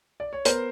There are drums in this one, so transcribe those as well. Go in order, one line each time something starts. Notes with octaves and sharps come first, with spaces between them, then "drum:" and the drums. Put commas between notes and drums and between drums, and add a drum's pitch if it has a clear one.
D5
C#5
B3 A#4 C5, drum: hi-hat